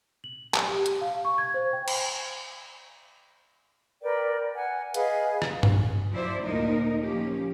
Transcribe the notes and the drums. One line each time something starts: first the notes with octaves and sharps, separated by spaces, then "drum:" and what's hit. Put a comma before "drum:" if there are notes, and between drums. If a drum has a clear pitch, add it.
F#7
A5, drum: clap
G4
drum: hi-hat
F5
C#6
G#6
C5
G5
drum: cymbal
A#4 B4 D5 G5
F#5 G#5
G#4 B4 D#5 F5, drum: hi-hat
drum: rim click
drum: tom G2
F3 F#3 E4 C5 D5
D2 A#2 A#3 D#4 A#4 D#5
F3 A#3 C#4 G4